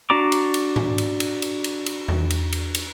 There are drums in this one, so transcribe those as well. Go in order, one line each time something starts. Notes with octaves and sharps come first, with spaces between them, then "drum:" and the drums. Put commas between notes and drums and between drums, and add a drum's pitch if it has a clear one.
D4 F#4 D5 A#5 D6
drum: cymbal
drum: cymbal
drum: tom G#2
drum: cymbal
drum: cymbal
drum: cymbal
drum: cymbal
drum: cymbal
drum: tom E2
drum: cymbal
drum: cymbal
drum: cymbal